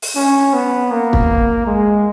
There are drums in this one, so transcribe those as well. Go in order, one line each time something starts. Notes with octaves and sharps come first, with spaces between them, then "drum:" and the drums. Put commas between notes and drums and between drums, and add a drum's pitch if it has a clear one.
drum: open hi-hat
C#4
B3
A#3
drum: kick
G#3